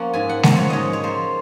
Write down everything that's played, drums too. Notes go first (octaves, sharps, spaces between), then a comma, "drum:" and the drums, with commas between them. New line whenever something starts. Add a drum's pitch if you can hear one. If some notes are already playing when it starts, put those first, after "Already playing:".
Already playing: F3 A#3 C#4 F#5
G#2 G#5
F#5
F3 A#3 C#4 F#5, drum: snare G#3
C#5
G#2 C#5 D#5
C#5
F3 A#3 C5